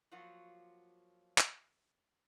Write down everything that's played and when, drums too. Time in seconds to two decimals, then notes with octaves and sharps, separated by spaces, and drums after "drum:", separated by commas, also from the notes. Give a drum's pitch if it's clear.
0.11 F3 F#3 A#3 F4 F#4
1.38 drum: clap